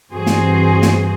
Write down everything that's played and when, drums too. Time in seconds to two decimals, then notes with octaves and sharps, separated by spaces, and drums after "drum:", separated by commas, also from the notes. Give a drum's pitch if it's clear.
0.13 G2 E3 C4 F#4 G#4 C5
0.26 drum: snare
0.82 drum: snare